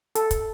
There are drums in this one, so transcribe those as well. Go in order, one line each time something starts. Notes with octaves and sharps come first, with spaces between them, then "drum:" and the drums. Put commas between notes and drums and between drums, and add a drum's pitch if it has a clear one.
A4, drum: hi-hat
drum: kick, hi-hat